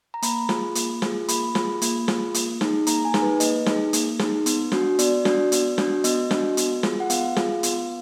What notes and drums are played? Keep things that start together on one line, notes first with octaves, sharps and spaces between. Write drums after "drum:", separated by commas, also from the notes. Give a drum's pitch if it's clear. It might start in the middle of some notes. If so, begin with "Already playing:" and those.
A#5
A#3 B5, drum: hi-hat
F4 G#4, drum: snare
A#3, drum: hi-hat
F4 G#4, drum: snare
A#3 B5, drum: hi-hat
F4 G#4, drum: snare
A#3, drum: hi-hat
F4 G#4, drum: snare
A#3, drum: hi-hat
D#4 G#4, drum: snare
A#3 A#5, drum: hi-hat
G#5
D#4 G#4, drum: snare
B4
A#3 D#5, drum: hi-hat
D#4 G#4, drum: snare
A#3, drum: hi-hat
D#4 G#4, drum: snare
B3, drum: hi-hat
D4 F#4, drum: snare
B3 D5, drum: hi-hat
D4 F#4, drum: snare
B3, drum: hi-hat
D4 F#4, drum: snare
B3 D#5, drum: hi-hat
D4 F#4, drum: snare
B3, drum: hi-hat
F4 G#4, drum: snare
F#5
B3 F5, drum: hi-hat
F4 G#4, drum: snare
B3, drum: hi-hat